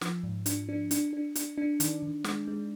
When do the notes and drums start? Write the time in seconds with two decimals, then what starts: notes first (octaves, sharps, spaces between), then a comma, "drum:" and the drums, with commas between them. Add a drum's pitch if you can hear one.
0.01 F3, drum: snare
0.23 G#2
0.46 D4, drum: hi-hat
0.69 D4
0.91 D4, drum: hi-hat
1.13 D4
1.35 D4, drum: hi-hat
1.58 D4
1.80 D#3, drum: hi-hat
2.02 D#3
2.24 G#3, drum: snare
2.48 G#3